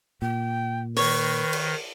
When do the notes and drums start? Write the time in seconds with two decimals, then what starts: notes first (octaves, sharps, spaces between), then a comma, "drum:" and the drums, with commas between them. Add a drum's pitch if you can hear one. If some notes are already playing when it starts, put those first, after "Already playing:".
0.22 A#2 G5
0.97 D#3 B4 C#5, drum: open hi-hat
1.53 drum: cymbal